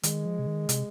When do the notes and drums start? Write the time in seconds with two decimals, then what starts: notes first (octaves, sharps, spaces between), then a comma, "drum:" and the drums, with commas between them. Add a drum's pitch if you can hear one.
0.03 D#3 G#3, drum: hi-hat
0.26 F3
0.39 C3
0.47 D#3
0.69 C3, drum: hi-hat